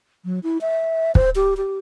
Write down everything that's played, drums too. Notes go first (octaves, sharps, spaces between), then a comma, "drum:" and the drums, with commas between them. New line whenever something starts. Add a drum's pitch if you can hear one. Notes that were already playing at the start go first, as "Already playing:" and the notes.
F#3
E4
E5
C5, drum: kick
G4
G4